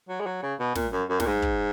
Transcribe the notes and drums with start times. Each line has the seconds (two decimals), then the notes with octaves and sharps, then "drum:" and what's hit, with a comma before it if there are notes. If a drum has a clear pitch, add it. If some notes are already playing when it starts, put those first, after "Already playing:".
0.09 F#3
0.20 G#3
0.26 F#3
0.42 C#3
0.59 B2
0.75 A#2, drum: snare
0.92 F#2
1.09 F#2
1.20 A#2, drum: snare
1.26 G#2
1.42 drum: kick